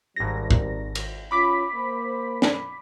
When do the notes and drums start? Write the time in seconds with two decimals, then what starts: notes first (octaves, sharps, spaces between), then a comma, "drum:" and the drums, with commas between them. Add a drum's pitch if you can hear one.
0.16 G#1 C3 D#3 G3 A#6
0.51 drum: kick
0.95 drum: cymbal
1.31 C#4 F4 B5 D6 B6
1.72 A#3 C5
2.42 drum: snare